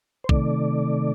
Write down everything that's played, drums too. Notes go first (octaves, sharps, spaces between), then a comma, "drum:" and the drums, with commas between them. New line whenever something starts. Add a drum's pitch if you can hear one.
C5
C3 D#3 A3 D5, drum: kick A#1